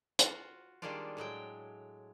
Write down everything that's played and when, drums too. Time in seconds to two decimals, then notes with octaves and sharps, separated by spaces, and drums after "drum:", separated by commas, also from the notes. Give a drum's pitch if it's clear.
0.19 F4 F#4, drum: hi-hat
0.82 D#3 G3 G#3 A#3 D4 F4
1.17 A2 F#3 G#3 G5